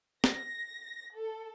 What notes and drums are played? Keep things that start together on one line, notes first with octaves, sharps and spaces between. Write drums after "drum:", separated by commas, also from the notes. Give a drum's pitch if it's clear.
A#6, drum: snare
A4